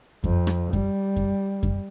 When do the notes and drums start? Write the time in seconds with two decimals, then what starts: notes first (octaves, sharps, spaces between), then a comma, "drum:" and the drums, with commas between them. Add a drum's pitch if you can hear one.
0.24 F2, drum: kick F#2
0.47 drum: rim click
0.73 G3, drum: kick F#2
1.16 drum: kick F#2
1.63 drum: kick F#2